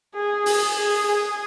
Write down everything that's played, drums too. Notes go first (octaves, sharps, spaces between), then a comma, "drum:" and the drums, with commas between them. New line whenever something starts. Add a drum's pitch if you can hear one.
G#4
G#4, drum: open hi-hat
G#4
G#4